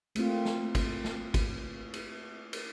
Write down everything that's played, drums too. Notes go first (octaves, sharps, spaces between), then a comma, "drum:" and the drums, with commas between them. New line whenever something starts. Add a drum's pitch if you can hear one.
A3 A#3 C4 F4, drum: cymbal
drum: snare
drum: kick, cymbal
drum: snare
drum: kick, cymbal
drum: cymbal
drum: cymbal